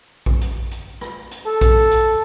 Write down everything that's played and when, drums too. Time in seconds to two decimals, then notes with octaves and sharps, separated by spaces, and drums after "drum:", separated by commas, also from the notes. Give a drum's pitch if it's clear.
0.26 drum: kick A#1
0.41 drum: hi-hat
0.71 drum: hi-hat
1.01 drum: rim click
1.31 drum: hi-hat
1.46 A4
1.61 drum: kick A#1, hi-hat
1.91 drum: hi-hat